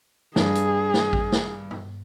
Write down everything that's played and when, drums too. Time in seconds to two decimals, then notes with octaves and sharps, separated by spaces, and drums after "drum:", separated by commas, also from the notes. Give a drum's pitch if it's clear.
0.36 G2 G#4, drum: snare
0.55 drum: hi-hat
0.94 drum: snare
1.13 drum: kick A1
1.32 drum: snare
1.71 drum: tom